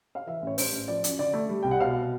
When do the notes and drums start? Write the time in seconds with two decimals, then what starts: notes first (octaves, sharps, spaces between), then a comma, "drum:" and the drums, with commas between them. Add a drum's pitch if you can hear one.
0.15 F5
0.27 E3 E5
0.42 A1 C#5
0.58 G2 C5, drum: open hi-hat
0.73 A1
0.88 F3 D5
1.04 F#2, drum: hi-hat
1.18 D3 D5
1.34 A3
1.49 G3
1.62 C2 G5
1.71 F#5
1.80 B2 F5